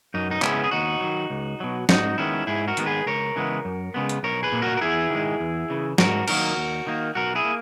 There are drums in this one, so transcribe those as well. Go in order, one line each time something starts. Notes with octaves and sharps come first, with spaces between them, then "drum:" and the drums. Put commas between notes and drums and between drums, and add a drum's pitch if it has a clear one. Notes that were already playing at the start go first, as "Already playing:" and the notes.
F#2 D#4
D#4
C#3 G#3 B3 C#4 E4, drum: clap
G#4
D#2 D#4 F#4
D#3 F#3
C#2
B2 F#3
G#2 D#4 F#4, drum: snare
D#3 G#3 B3 C#4 E4
G#2 E4 G#4
F#4 A#4
D#3 G#3 B3, drum: hi-hat
G#4 B4
C#2 A#4 C#5
C#3 E3 G#3 B3
F#2
C#3 G#3 B3
drum: hi-hat
B1 A#4 C#5
G#4 B4
A#2 A#3
F#4 A#4
A#4
E2 E4 G#4
D#3 G#3
E2
C#3 E3
G#2 F#4 A#4, drum: snare
D#3 F#3 A#3 F#4 A#4, drum: cymbal
D#2
D#3 A#3
B1 F#4 A#4
E4 G#4
A#3